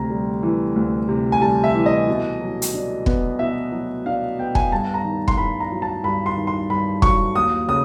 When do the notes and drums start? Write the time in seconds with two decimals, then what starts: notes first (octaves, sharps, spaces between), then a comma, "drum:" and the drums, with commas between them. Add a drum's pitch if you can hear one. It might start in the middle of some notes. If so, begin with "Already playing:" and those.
Already playing: D2 C3 A#5
0.10 G3
0.43 E3
0.76 D2
1.09 C3
1.32 G#5
1.41 G3 A5
1.64 E5
1.75 E3
1.86 D#5
2.08 B2
2.41 F#3
2.62 drum: hi-hat
2.74 D4
3.06 B3, drum: kick
3.39 B2 E5
3.72 F#3
4.06 D4 F5
4.39 B3 G5
4.55 G#5, drum: kick
4.72 G2 A5
4.94 A#5
5.04 D#3
5.28 C6, drum: kick
5.38 G2 B5
5.60 A#5
5.71 F#3
5.82 A5
6.04 G2 B5
6.26 C6
6.36 D#3
6.47 C6
6.69 G2 B5
7.02 F#3 C#6, drum: kick
7.35 D#2 D#6
7.68 C#3 D#6